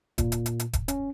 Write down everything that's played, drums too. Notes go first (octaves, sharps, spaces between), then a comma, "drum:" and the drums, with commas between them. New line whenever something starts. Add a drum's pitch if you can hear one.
A#2, drum: kick, hi-hat
drum: hi-hat
drum: hi-hat
drum: hi-hat
drum: kick, hi-hat
C#4, drum: hi-hat